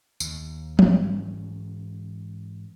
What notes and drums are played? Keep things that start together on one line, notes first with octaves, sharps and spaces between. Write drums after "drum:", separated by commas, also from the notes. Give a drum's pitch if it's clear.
D#2, drum: tambourine
G#2 E3 C#4, drum: tom